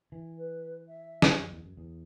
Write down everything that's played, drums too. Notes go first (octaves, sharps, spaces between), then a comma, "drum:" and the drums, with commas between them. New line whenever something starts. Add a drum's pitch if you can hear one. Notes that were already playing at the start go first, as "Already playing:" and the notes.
E3
B4
E5
drum: snare
F#2
E2
F#2
E2